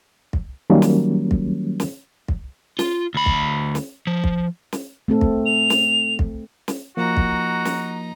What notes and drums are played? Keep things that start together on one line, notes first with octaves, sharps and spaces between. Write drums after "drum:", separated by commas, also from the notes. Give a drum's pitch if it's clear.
drum: kick
D#3 F#3 G3 A#3 C#4
drum: snare
drum: kick
drum: snare
drum: kick
F4, drum: snare
D2 B5
drum: kick
drum: snare
F3
drum: kick
drum: snare
A3 C4 A4
drum: kick
F7
drum: snare
drum: kick
drum: snare
F3 A#3 D#4 F#4 A#5
drum: kick
drum: snare